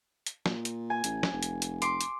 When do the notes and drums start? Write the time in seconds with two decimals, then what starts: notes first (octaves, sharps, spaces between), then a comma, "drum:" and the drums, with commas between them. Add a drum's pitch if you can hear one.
0.27 drum: hi-hat
0.46 A#2, drum: snare
0.65 drum: hi-hat
0.90 G#5
1.04 A1, drum: hi-hat
1.23 drum: snare
1.33 F1
1.43 drum: hi-hat
1.62 drum: hi-hat
1.82 C6 D6, drum: hi-hat
2.01 drum: hi-hat